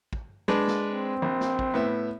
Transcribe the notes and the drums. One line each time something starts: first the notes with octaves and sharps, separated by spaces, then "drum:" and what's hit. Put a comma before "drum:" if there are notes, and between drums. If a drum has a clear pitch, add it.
drum: kick
G#3 D4 B4
drum: snare
C4
A#1
drum: snare
drum: kick
A2 B3 E5